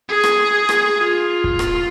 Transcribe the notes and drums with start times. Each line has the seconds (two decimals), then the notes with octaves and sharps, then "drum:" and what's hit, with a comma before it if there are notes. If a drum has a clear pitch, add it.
0.09 G#4
0.24 drum: rim click
0.69 drum: rim click
0.99 F4
1.44 drum: kick
1.59 drum: rim click